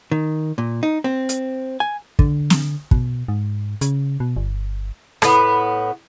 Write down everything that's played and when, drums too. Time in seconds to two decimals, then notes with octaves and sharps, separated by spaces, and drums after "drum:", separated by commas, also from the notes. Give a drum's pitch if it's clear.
0.12 D#3
0.58 A#2
0.83 D#4
1.04 C4
1.29 drum: hi-hat
1.80 G#5
2.19 D3, drum: kick
2.50 drum: snare
2.91 B2, drum: kick
3.28 G#2
3.81 C#3, drum: hi-hat
4.20 B2
4.36 G1
5.22 A2 B3, drum: rim click